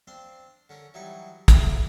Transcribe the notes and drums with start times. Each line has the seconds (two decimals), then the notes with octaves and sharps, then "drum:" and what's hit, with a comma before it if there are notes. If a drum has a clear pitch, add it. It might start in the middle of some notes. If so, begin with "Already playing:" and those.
0.07 C4 D4 F5 C6
0.69 D3 C#4 A#4
0.94 E3 F#3 G3 D#4 G#5 C#6
1.48 B1 G#2 D4 F4 B4 E5, drum: kick, hi-hat